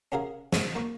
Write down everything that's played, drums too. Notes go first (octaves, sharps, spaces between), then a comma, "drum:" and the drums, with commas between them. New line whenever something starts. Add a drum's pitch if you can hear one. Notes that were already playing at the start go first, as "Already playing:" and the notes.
C#4 F#4 G#4 A#4 F5
G#2 C#5 D#6, drum: snare
A#3 C#6